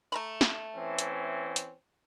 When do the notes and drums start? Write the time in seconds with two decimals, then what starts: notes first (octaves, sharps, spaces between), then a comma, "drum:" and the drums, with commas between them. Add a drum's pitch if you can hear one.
0.12 A3 A#5 B5
0.41 drum: snare
0.77 E3 C4 C#4
0.99 drum: hi-hat
1.56 drum: hi-hat